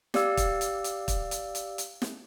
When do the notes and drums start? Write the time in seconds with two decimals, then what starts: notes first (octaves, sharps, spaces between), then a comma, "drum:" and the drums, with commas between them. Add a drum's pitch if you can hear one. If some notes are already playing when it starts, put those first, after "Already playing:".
0.14 G4 D5 F5 E6, drum: snare
0.37 drum: kick, hi-hat
0.61 drum: hi-hat
0.84 drum: hi-hat
1.08 drum: kick, hi-hat
1.31 drum: hi-hat
1.55 drum: hi-hat
1.78 drum: hi-hat
2.02 drum: snare